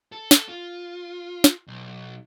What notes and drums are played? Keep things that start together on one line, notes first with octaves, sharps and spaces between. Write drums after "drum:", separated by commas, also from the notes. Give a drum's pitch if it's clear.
A4
drum: snare
F4
drum: snare
B1